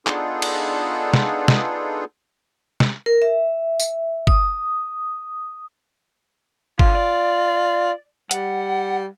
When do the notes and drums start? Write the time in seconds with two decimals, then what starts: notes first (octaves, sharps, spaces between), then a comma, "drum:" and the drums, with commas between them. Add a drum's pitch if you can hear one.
0.07 B3 D4 D#4 F4 G#4 A4, drum: clap
0.42 drum: cymbal
1.14 drum: snare
1.48 drum: snare
2.80 drum: snare
3.06 A#4
3.22 E5
3.80 drum: tambourine
4.27 D#6, drum: kick
6.79 D3 F4, drum: kick
6.95 D5
8.31 G3 F#5, drum: hi-hat